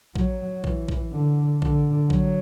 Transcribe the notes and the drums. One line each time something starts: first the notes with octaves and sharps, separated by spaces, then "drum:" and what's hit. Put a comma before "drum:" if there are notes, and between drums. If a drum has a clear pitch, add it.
F#3, drum: kick A1
E3, drum: kick A1
drum: kick A1
D3
D3, drum: kick A1
F#3, drum: kick A1